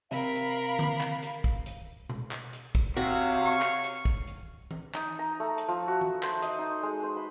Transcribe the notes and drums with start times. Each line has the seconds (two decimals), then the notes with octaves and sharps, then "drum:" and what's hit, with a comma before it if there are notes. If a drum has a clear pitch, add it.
0.11 C3 A#4 F5 B5
0.35 drum: hi-hat
0.79 drum: tom D3
1.01 drum: clap
1.22 drum: hi-hat
1.44 drum: kick
1.66 drum: hi-hat
2.09 drum: tom B2
2.31 drum: clap
2.53 drum: hi-hat
2.75 drum: kick
2.97 C3 F#4 C#5 F5, drum: hi-hat
3.45 C#6
3.62 drum: clap
3.84 drum: hi-hat
4.05 drum: kick
4.27 drum: hi-hat
4.71 drum: tom E3
4.94 D#4, drum: clap
5.19 A#5
5.40 A3
5.58 drum: hi-hat
5.68 F3
5.88 F#4
6.01 drum: tom E3
6.23 C5, drum: clap
6.42 D#5, drum: hi-hat
6.59 D#4
6.83 G#3
7.03 C5
7.16 B5